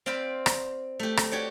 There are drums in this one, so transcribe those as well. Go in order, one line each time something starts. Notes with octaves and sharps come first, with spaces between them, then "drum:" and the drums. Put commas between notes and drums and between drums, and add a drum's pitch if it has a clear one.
C4 D5 F5 G5 B5
drum: rim click
A3 G4
drum: rim click
F#4 G4 C#5 D5